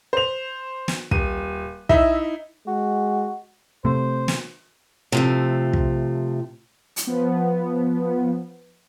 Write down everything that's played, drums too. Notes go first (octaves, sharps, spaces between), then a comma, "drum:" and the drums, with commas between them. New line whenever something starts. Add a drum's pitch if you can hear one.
C5 F7
drum: snare
D#1 D#7, drum: kick
D#4 E4 E5, drum: kick
G#3 F#4
C3 A3 C5
drum: snare
C3 F3 A3
drum: kick
drum: hi-hat
F3 B3